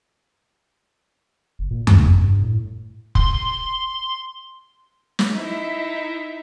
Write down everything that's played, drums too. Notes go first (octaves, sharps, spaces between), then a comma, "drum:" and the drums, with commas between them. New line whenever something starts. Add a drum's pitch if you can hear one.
F#1
A#2
D2, drum: tom F2
G1
G2
A2
C6, drum: kick F1
drum: snare
D#4 E4 E5